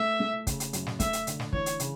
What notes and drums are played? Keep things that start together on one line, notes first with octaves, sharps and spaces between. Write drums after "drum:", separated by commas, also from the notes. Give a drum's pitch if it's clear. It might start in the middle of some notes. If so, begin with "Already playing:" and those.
Already playing: A3 E5
A3
C#3, drum: kick, hi-hat
drum: hi-hat
F#2, drum: hi-hat
drum: snare
A3 E5, drum: kick, hi-hat
drum: hi-hat
D3, drum: hi-hat
drum: snare
E3 C#5, drum: kick
drum: hi-hat
C#3, drum: hi-hat